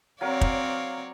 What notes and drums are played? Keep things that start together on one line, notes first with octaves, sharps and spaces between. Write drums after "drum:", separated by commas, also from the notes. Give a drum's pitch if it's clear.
F#3 C4 A#4 C#5 D5 F5
drum: kick